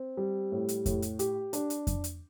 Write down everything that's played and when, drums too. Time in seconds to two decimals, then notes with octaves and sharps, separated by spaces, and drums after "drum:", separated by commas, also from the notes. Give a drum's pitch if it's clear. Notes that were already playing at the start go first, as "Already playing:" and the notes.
Already playing: C4
0.17 G3
0.52 A2
0.69 drum: hi-hat
0.86 A2, drum: kick F2, hi-hat
1.02 drum: hi-hat
1.19 G4, drum: hi-hat
1.53 D4, drum: hi-hat
1.70 drum: hi-hat
1.87 drum: kick F2, hi-hat
2.04 drum: hi-hat